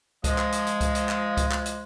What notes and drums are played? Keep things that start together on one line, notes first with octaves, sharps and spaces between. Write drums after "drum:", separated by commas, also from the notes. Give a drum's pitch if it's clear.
F3 G#3 D#5, drum: kick C#2, hi-hat
drum: clap
drum: hi-hat
drum: hi-hat
drum: kick C#2, hi-hat
drum: hi-hat
drum: clap
drum: kick C#2, hi-hat
drum: clap
drum: hi-hat